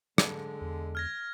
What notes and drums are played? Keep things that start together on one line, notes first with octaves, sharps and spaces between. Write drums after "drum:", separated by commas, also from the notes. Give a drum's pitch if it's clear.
D3 G#3, drum: rim click
E2
F6 G#6 A#6